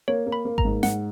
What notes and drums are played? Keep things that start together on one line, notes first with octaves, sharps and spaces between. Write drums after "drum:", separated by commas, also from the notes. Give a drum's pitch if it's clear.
A#3 C#5
A#3
B5
A#3
A#5, drum: kick G#1
G#2
G#2 F#5, drum: snare